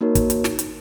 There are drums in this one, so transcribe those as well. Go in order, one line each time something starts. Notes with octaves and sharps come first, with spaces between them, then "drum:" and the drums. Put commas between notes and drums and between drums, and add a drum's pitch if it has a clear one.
A#3 D#4 F#4 A#4 C#5
drum: kick, hi-hat
drum: hi-hat
drum: snare
drum: hi-hat